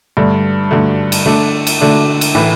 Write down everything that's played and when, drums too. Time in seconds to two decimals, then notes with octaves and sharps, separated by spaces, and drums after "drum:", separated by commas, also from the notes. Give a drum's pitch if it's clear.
0.17 G2 D3 A3
0.71 G2 D3 A3
1.12 drum: cymbal
1.25 D3 A3 D4
1.67 drum: cymbal
1.81 D3 A3 D4
2.21 drum: cymbal
2.35 A2 E3 A3